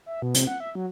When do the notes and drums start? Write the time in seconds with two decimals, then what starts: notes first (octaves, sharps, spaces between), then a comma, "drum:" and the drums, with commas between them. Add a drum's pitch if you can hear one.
0.06 E5
0.22 B2
0.34 C3, drum: hi-hat
0.47 F#5
0.60 E5
0.75 F#3